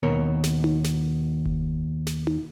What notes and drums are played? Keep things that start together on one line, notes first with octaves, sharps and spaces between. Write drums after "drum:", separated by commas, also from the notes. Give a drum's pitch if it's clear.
D#2 B2 A#4 C#5
drum: snare
drum: tom D#4
drum: snare
drum: kick F#1
drum: snare
drum: tom D#4